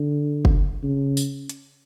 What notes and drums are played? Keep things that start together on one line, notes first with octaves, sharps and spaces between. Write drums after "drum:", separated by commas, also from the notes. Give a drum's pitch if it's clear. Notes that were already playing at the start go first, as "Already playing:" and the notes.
Already playing: D3
drum: kick
C#3
drum: tambourine
drum: hi-hat